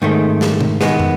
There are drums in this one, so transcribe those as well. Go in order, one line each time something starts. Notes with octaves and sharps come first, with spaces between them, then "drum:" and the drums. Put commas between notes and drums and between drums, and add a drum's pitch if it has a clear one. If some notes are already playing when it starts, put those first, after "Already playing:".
G#2 D#3 A3
drum: snare
drum: tom B2
D#3 G#3 B3, drum: snare
drum: tom